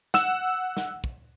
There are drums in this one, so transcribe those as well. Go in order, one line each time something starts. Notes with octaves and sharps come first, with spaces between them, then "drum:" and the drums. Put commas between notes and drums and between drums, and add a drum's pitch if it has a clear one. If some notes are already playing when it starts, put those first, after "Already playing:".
F#5 E6 E7, drum: snare
drum: snare
drum: kick